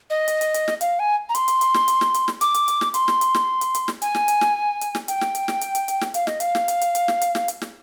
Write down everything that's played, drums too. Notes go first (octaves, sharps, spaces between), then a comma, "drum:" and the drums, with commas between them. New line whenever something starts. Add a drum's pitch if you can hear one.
D#5
drum: hi-hat
drum: hi-hat
drum: hi-hat
drum: snare
F5, drum: hi-hat
G#5
A#5
C6, drum: hi-hat
drum: hi-hat
drum: hi-hat
drum: snare
drum: hi-hat
drum: snare
drum: hi-hat
drum: snare
D6, drum: hi-hat
drum: hi-hat
drum: hi-hat
drum: snare
C6, drum: hi-hat
drum: snare
drum: hi-hat
drum: snare
drum: hi-hat
drum: hi-hat
drum: snare
G#5, drum: hi-hat
drum: snare
drum: hi-hat
drum: snare
drum: hi-hat
drum: snare
G5, drum: hi-hat
drum: snare
drum: hi-hat
drum: snare
drum: hi-hat
drum: hi-hat
drum: hi-hat
drum: snare
F5, drum: hi-hat
D#5, drum: snare
F5, drum: hi-hat
drum: snare
drum: hi-hat
drum: hi-hat
drum: hi-hat
drum: snare
drum: hi-hat
drum: snare
drum: hi-hat
drum: snare